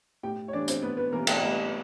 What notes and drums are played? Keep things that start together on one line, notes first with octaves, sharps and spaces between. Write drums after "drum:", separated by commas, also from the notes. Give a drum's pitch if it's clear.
A2 G4 G5
C#5
E3 G3 D4 D5
C4 C5, drum: hi-hat
A2 B3 B4
B3 B4
E3 G3 A#3 A#4
A3 A4, drum: cymbal
A2 G3 G4